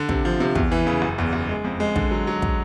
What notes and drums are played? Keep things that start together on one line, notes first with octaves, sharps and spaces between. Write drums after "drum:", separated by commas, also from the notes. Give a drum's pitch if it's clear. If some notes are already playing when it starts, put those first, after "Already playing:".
Already playing: D3
C3, drum: kick
F3
C3
E2, drum: kick
E3
C#3
F#1
E2
F#1
G#3
F2
G#3
D3, drum: kick
F#3
F#3
drum: kick